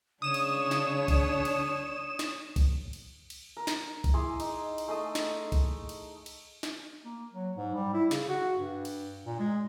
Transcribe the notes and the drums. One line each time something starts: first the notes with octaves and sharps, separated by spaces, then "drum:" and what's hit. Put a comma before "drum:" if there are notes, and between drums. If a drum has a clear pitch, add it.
C#3 D4 C#5 D#6 E7
drum: cymbal
drum: snare
drum: kick, cymbal
drum: cymbal
drum: snare
drum: kick, cymbal
drum: cymbal
drum: cymbal
A#4
drum: snare
drum: kick, cymbal
E4 G#4 C6 D6
D#4, drum: cymbal
drum: cymbal
A3 G#4 D#5 D#6
drum: snare
drum: kick, cymbal
drum: cymbal
drum: cymbal
drum: snare
A#3
F#3
G#2
G3
E4
C#3, drum: snare
F#4
G2
drum: cymbal
A#2
G#3